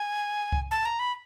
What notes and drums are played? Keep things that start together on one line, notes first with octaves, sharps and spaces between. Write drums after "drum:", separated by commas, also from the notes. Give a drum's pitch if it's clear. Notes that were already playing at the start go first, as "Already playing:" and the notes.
Already playing: G#5
drum: kick C2
A5
A#5
B5